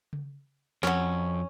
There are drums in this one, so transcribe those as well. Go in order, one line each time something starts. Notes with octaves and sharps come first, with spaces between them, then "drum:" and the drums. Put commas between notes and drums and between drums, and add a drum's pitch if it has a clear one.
drum: tom C#3
F2 F#3 C#4, drum: snare